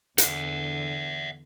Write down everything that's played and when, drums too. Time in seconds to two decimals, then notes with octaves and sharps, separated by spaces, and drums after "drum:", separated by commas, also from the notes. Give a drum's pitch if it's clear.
0.18 E2 D3 E5 F#5, drum: hi-hat